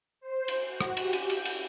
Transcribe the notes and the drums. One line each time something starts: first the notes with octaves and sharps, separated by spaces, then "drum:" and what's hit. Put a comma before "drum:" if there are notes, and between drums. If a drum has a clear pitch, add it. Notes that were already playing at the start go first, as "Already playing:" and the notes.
C5
drum: cymbal
F#4
drum: rim click
G4, drum: cymbal
drum: cymbal
G6, drum: cymbal
drum: cymbal